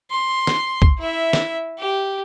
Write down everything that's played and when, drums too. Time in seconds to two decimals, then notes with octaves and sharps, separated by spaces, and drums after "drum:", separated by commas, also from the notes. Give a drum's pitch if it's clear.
0.10 C6
0.47 drum: snare
0.82 drum: kick
0.99 E4 E5
1.33 drum: snare
1.78 G4